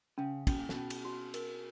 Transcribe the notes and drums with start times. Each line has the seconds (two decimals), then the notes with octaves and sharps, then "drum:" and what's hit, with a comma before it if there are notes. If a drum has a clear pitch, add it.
0.18 C#3 C#4
0.47 B2 C#4, drum: kick, cymbal
0.58 A#2
0.69 B2, drum: snare
0.76 C#4
0.90 drum: cymbal
1.05 F#4
1.34 A#4, drum: cymbal